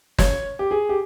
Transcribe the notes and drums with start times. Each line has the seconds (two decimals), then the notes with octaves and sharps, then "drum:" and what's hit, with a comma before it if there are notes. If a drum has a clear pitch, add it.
0.18 C#5, drum: snare
0.59 G4
0.71 G#4
0.89 G4